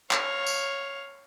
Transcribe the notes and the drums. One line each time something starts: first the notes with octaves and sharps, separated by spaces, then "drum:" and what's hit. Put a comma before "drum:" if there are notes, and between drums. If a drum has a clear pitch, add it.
C#5 F5, drum: clap
drum: tambourine